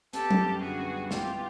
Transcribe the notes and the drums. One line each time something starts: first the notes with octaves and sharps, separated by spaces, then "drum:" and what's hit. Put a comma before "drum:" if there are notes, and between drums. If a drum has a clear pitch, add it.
B3 G4 A4, drum: hi-hat
G3, drum: tom
F#2
D3 F#4 G#4
B3
G3
E4 F4 G4, drum: snare
B3